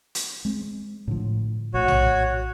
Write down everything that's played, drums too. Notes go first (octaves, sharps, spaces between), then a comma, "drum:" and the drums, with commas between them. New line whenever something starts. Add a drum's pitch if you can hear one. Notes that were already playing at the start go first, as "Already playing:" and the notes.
drum: hi-hat
G#3 C4
A2 D3 F3
A#1 A2 F#4 C#5
drum: tom A#1